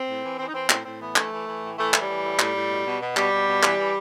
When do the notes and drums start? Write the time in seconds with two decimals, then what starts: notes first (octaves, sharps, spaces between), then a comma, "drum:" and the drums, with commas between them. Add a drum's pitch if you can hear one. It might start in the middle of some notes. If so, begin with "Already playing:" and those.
Already playing: C4
0.08 A2
0.24 E3
0.39 E3 C4
0.48 D#4
0.54 E3 C4
0.70 A2 C4, drum: clap
0.85 A2 C4
1.01 E3 B3
1.16 E3 A3, drum: clap
1.31 E3
1.47 E3
1.63 A2
1.78 E3 A3
1.94 A2, drum: clap
2.01 G3
2.09 E3
2.24 A2
2.39 A2, drum: clap
2.55 A2
2.71 B2
2.86 B2
3.01 B2
3.17 B2 G3, drum: clap
3.32 B2
3.48 B2
3.63 E3, drum: clap
3.79 E3